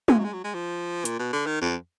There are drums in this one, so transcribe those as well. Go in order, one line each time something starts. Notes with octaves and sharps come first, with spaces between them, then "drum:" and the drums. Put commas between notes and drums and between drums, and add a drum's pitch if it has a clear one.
G#3, drum: tom
F#3
G#3
F#3
G#3
F3
A#2, drum: hi-hat
B2
D3
D#3
F2